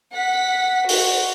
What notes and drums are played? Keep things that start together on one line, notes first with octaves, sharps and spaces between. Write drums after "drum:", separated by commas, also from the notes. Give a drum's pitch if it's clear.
F#5 B6
F#4 C5, drum: open hi-hat